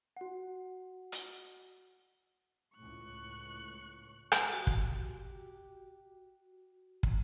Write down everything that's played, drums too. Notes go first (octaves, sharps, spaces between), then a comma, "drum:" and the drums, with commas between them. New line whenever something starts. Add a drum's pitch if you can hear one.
F#4 F#5
drum: hi-hat
C#2 A2 C#6 F#6
drum: rim click
F#4 G4
drum: kick
drum: kick